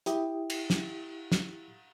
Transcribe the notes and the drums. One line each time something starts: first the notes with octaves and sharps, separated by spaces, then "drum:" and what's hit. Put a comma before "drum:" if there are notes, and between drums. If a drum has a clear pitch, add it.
E4 G4 D#6, drum: hi-hat
drum: cymbal
drum: snare
drum: snare